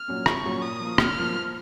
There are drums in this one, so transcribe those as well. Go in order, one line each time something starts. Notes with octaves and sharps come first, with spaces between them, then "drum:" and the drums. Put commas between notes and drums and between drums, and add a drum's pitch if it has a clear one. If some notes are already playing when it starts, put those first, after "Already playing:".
Already playing: F6
A#2 F#3 C#4
C2 C#6, drum: rim click
A#2 F#3 C#4
A#2 D#6
F3 A#3 F4
A#2 F6, drum: rim click
F3 A#3 F4
F3